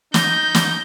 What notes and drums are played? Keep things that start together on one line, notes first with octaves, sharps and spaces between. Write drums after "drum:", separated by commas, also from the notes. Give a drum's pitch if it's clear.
D#4 G6, drum: snare
drum: snare